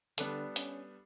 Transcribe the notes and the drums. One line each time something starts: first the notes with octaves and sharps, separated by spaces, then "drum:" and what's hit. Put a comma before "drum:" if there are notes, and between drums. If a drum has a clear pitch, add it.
D3 G3 B3 D4 A4, drum: hi-hat
C#4, drum: hi-hat